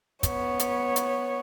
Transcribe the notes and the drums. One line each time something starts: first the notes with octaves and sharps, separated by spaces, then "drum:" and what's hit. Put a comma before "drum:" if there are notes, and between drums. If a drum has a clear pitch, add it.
B3 C#5, drum: kick, hi-hat
drum: hi-hat
drum: hi-hat